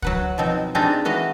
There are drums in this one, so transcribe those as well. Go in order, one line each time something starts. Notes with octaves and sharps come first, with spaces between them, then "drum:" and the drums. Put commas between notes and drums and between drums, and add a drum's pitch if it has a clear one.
F#3 B4 F#5, drum: kick
B2 F3 C4 D#4
C4 D4 D#4 F4 G4 G#4
E3 F#4 D#5 F5